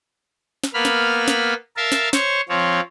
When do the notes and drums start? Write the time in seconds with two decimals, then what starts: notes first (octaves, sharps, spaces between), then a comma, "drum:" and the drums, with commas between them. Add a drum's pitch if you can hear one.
0.64 drum: snare
0.74 A#3 B3 B5 F6
0.85 drum: snare
1.28 drum: snare
1.77 A#4 E5 F5 A5
1.92 drum: snare
2.13 C5 C#5 C#6, drum: snare
2.49 F3 C4 C#5